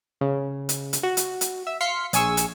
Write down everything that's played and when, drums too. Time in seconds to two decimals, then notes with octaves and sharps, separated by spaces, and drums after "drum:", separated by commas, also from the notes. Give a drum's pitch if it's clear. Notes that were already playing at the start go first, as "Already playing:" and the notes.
0.21 C#3
0.69 drum: hi-hat
0.93 drum: hi-hat
1.03 F#4
1.17 drum: hi-hat
1.41 drum: hi-hat
1.67 E5
1.81 F5 C6 B6 C#7
2.13 A#1 G#4 G#5 C#6 E6, drum: hi-hat
2.37 drum: hi-hat